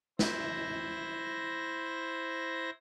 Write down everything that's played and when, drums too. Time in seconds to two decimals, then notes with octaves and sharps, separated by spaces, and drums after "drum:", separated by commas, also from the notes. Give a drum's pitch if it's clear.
0.19 E4 C5 A#6, drum: snare